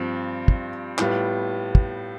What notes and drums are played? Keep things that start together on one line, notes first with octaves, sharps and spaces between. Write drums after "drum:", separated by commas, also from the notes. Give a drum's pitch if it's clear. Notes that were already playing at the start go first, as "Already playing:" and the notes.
Already playing: G2 F3 C4
drum: kick
A2 G3 B3 F4, drum: clap
drum: kick